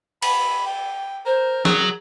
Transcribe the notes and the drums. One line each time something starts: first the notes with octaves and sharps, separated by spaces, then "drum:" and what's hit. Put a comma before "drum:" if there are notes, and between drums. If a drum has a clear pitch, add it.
B5, drum: cymbal
G5
A#4 C5
F#3 G#4, drum: snare